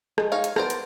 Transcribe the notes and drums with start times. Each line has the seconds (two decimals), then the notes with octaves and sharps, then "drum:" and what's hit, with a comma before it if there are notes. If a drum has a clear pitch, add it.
0.18 G#3, drum: rim click
0.32 D#4 C#5 F5
0.44 drum: hi-hat
0.56 B3 A#4 C5 D5, drum: rim click
0.70 drum: hi-hat